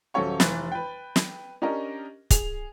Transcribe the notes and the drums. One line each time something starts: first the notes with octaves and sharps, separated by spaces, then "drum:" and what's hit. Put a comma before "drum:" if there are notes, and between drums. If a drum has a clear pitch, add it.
D#1 F#3 C#4 A4 C#5 C#6
F1 E3 F#6 A6, drum: snare
B4 G5
drum: snare
C#4 D4 G4 A#4 D#5
G#4 F7, drum: kick, hi-hat